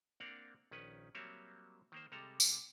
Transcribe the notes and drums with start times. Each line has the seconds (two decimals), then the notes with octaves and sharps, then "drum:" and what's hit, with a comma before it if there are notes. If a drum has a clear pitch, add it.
0.20 A#3 C4 D4 D5 F5 F#5
0.71 A#1 D#3 C#4 B4
1.15 F#3 G3 A#3 C4 C#5 E5
1.92 D#3 A#3 C5
2.12 C3 G3 G#3 A4 A#5
2.40 drum: tambourine